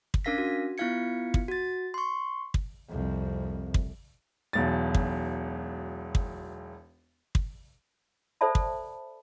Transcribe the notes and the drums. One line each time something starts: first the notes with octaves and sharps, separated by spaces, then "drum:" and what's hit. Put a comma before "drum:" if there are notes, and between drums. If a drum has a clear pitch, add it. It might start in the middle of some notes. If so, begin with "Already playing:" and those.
drum: kick
C#4 D4 A#4 F5 A#6 B6
F#4
B3 E4 F4 F5 G#6 C#7
drum: kick
F#4 A6
C6 C#6
drum: kick
C2 F2
drum: kick
E1 B1 A6
drum: kick
drum: kick
drum: kick
A4 C5 D5 E5 A5 B5
drum: kick